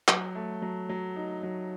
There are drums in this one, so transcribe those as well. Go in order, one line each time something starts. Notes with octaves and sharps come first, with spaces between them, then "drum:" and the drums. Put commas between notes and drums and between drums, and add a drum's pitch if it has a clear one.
F#3, drum: clap
A3
F#3
F#3
D#4
F#3